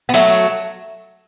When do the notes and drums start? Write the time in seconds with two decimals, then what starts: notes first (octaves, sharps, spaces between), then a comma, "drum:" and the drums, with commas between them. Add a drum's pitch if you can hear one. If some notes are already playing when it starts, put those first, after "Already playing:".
0.09 B3
0.14 F#3 A3, drum: open hi-hat